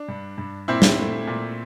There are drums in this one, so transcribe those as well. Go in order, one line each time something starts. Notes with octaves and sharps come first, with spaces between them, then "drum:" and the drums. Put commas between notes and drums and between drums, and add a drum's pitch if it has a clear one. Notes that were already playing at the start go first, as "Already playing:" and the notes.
Already playing: D4
G2
G2
A#2 C4 E4
drum: snare
A3
A#2